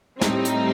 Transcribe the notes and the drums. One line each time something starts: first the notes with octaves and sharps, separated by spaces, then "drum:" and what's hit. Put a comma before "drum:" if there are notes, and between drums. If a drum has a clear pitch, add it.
A2 G3 C4 D#4, drum: snare
drum: hi-hat